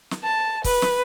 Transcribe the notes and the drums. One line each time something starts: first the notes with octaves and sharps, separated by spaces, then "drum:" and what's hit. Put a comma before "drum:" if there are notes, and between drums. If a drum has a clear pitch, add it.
drum: snare
A5
B4, drum: kick, open hi-hat
drum: snare